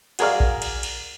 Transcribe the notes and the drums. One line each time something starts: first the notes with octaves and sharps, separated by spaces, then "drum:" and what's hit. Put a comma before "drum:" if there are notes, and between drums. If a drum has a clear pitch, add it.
F#4 G#4 A#4 D5 F5, drum: cymbal
drum: kick A#1
drum: cymbal
drum: cymbal